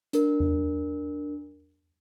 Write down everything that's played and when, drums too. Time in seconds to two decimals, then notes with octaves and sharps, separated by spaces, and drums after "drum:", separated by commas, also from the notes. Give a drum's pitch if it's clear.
0.13 D4 A#4, drum: hi-hat
0.40 drum: tom E2